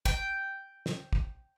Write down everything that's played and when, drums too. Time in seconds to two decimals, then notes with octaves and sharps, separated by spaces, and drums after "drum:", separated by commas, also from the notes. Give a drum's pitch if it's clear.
0.05 G5, drum: kick
0.86 drum: snare
1.13 drum: kick